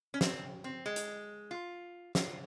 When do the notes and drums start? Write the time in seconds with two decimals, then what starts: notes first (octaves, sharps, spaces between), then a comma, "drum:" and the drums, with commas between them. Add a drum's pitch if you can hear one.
0.14 C#4
0.21 C4, drum: snare
0.64 C4
0.86 G#3
0.96 drum: hi-hat
1.51 F4
2.15 F4, drum: snare